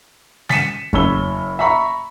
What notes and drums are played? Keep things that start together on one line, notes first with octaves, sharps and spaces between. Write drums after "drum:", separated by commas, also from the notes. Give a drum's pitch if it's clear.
A6 B6 C#7 D#7 E7, drum: snare
F#1 C#4 C#5 B5 E6 G7, drum: kick F2
E5 A#5 B5 C#6